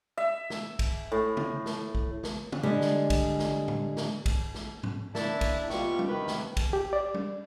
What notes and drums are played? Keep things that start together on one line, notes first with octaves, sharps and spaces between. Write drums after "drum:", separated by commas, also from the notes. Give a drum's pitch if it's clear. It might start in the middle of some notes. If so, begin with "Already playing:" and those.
E5
drum: snare
drum: kick A#1, cymbal
A2
drum: tom
drum: snare
drum: kick A#1
drum: snare
drum: tom
D3 G3 G#3
drum: snare
drum: kick A#1, cymbal
drum: snare
drum: tom A2
drum: snare
drum: kick A#1, cymbal
drum: snare
drum: tom G#2
C#3 A#3 D4 E4 E5 A5, drum: snare
drum: kick A#1, cymbal
B2 F4 G4 C#6, drum: snare
drum: tom G3
D#2 C3 D#3 B4
drum: snare
drum: kick A#1, cymbal
G4
D5
drum: tom G3